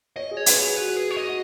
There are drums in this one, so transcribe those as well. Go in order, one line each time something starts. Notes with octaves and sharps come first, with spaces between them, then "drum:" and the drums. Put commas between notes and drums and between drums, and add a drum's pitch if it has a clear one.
C#5 D#5
G#4
C#5
B4, drum: hi-hat
G#4 C#5
F#4 B4
G#4
C#5
D#5
F#4